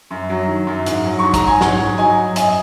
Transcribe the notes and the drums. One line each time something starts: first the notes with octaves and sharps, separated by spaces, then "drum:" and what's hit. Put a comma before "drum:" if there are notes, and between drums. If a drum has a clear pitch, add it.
F#2
F#3
D#3
F#2
G#2, drum: hi-hat
F#3
G#2 C#6
A#5, drum: kick, hi-hat
F#3 G#5
G#2 C#5 F#5, drum: snare
G#2
F#3 D#5 G#5
F#3
F#2 D#5 G#5, drum: hi-hat